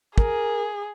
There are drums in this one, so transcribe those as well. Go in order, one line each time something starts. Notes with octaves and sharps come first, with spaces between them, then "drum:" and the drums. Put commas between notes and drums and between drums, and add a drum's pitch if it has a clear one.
G#4 A#4, drum: kick